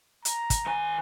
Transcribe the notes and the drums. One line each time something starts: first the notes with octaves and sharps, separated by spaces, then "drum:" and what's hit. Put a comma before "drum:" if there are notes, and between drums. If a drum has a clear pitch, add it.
A#5, drum: hi-hat
drum: kick, hi-hat
D#3 G#5